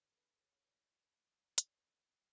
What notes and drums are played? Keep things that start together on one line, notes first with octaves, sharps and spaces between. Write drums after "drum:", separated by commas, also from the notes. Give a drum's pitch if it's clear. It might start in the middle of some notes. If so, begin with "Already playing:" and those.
Already playing: F#1 F#2 D3 F#3 B4 C#5 D5
A4
G#4 B4
A4 C#5
C#5
B4 D5
D5, drum: hi-hat
C#5
B4
A4 C#5